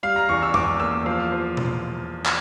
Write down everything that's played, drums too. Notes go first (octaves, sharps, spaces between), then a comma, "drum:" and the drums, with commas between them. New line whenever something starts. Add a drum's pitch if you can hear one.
G3 F5
A#5
E2 C#6
E6
E2 D6, drum: tom F#2
A#3 E6
F3 F5
F3
drum: tom B2
drum: clap